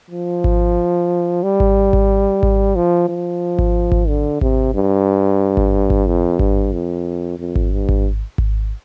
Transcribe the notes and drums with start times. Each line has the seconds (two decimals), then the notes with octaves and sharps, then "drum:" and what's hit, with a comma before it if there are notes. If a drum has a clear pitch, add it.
0.11 F3
0.44 drum: kick G#1
1.43 G3
1.60 drum: kick G#1
1.93 drum: kick G#1
2.43 drum: kick G#1
2.76 F3
3.09 F3
3.59 drum: kick G#1
3.92 drum: kick G#1
4.08 D3
4.41 C3, drum: kick G#1
4.74 G2
5.57 drum: kick G#1
5.90 drum: kick G#1
6.07 F2
6.39 G2, drum: kick G#1
6.73 F2
7.39 F2
7.56 drum: kick G#1
7.73 G2
7.89 drum: kick G#1
8.38 drum: kick G#1